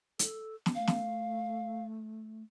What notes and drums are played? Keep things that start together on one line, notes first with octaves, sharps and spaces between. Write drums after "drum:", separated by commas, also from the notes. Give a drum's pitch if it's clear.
A4, drum: hi-hat
drum: snare
A3 F5
drum: snare